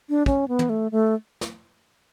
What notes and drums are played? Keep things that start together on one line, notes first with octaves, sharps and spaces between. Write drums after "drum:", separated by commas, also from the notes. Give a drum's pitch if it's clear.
D4
C#4, drum: kick
B3
drum: tom
A3
A3
drum: snare